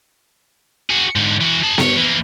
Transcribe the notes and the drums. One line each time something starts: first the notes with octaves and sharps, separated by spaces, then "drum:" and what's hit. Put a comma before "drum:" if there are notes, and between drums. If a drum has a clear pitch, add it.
F#4 G#4
G#2 D3
E3 F#4
G#4 A5
G2 C#5, drum: snare B3
E3 A#3